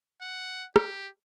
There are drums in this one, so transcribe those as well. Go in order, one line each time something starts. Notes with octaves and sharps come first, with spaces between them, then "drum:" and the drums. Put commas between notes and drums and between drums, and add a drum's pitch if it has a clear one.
F#5
G4, drum: rim click